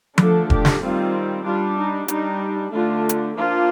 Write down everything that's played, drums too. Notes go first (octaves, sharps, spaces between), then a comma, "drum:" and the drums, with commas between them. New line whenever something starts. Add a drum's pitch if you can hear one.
D3 F3 A3 D4 A4, drum: tom F3
G4, drum: kick E1
drum: snare
D#3 G3 C4 F4
G3 D4 F4
D#4
G3 D4 D#4, drum: hi-hat
D3 A3 D4 F4
drum: hi-hat
F3 A#3 D4 F4